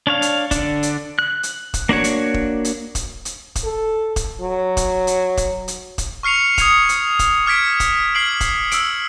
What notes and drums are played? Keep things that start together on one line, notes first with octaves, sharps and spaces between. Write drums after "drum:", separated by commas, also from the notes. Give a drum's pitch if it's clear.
D4 C#5 F5
drum: hi-hat
D3 D4, drum: kick E1, hi-hat
drum: hi-hat
F#6
drum: hi-hat
drum: kick E1, hi-hat
A#3 D4 F#4 C#5
drum: hi-hat
drum: kick E1
drum: hi-hat
drum: kick E1, hi-hat
drum: hi-hat
drum: kick E1, hi-hat
A4
drum: kick E1, hi-hat
F#3
drum: kick E1, hi-hat
drum: hi-hat
drum: kick E1, hi-hat
drum: hi-hat
drum: kick E1, hi-hat
C#6 F6 C7 C#7 F7
D#6 G#6 C#7 F7, drum: kick E1, hi-hat
drum: hi-hat
drum: kick E1, hi-hat
D6 F6 G#6 B6 D7
drum: kick E1, hi-hat
F6 C7 D7 F#7
drum: kick E1, hi-hat
E6 D7, drum: hi-hat